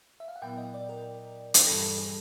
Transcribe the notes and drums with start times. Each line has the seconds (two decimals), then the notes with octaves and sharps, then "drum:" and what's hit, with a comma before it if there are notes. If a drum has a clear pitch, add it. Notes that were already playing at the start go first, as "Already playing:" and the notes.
0.20 E5
0.28 F5
0.36 F#5
0.42 A#2 F#3 B3 E4 G5
0.57 D#5
0.74 D5
0.89 A#4
1.54 drum: hi-hat
1.67 G2 E3 G3 A4
1.83 A4
1.98 G#4